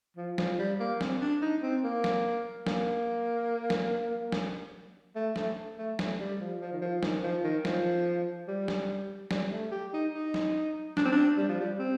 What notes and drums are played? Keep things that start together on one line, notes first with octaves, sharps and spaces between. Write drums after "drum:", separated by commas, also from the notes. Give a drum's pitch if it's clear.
F3
F3, drum: snare
G3
A#3
C4, drum: snare
D4
D#4
C4
A#3
drum: snare
A#3, drum: snare
drum: snare
drum: snare
A3
A3, drum: snare
A3
A3, drum: snare
G3
F3
F3
D#3
F3
D#3, drum: snare
F3
D#3
F3, drum: snare
G3
drum: snare
G3, drum: snare
A3
G4
D#4
D#4
drum: snare
D4, drum: snare
C4
D4
G3
F3
G3
C4